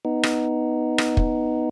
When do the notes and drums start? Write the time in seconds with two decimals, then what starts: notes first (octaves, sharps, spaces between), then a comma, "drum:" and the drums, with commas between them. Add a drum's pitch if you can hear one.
0.05 B3 D#4
0.23 drum: rim click
0.98 drum: rim click
1.17 drum: kick